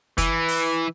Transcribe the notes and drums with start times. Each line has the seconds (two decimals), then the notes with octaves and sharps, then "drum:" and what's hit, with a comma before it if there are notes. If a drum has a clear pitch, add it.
0.18 E3, drum: kick, hi-hat
0.49 drum: open hi-hat